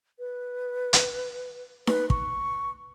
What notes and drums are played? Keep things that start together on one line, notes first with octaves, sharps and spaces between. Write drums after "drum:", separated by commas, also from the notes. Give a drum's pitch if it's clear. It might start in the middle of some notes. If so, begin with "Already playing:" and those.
B4
drum: hi-hat
B4, drum: snare D#4
C#6, drum: kick